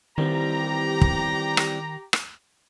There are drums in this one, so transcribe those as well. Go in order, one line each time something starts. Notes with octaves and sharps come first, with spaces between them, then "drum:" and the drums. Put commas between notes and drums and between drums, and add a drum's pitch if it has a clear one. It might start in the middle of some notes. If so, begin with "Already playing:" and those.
D#3 E3 G3 C4 G4 A#5
drum: kick
drum: rim click
drum: rim click